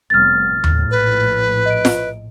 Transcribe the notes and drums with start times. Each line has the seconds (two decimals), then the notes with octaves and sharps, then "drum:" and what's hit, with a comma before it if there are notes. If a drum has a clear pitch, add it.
0.10 F1 G3 B3 F6 A6
0.49 A#1 A2
0.64 drum: tom D#2
0.91 B4
1.66 D#5 D7
1.85 drum: snare F4